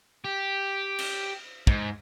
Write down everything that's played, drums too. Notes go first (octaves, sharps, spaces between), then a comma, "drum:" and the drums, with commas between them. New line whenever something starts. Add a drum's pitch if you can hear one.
G4
drum: cymbal
G#2, drum: kick